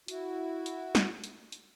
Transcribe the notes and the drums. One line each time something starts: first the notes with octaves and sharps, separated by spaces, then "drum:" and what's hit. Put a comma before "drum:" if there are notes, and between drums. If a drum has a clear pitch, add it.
E4 F#4, drum: hi-hat
drum: hi-hat
drum: snare
drum: hi-hat
drum: hi-hat